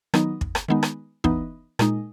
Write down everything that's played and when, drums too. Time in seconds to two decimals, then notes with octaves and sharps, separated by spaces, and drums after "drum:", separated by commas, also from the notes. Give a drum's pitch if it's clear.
0.14 D#3 F#3 B3 D#4, drum: rim click
0.41 drum: kick
0.55 drum: rim click
0.68 D#3 G#3 B3 D#4
0.83 drum: rim click
1.24 E3 B3 D#4, drum: kick
1.79 A#2 G#3 D#4, drum: rim click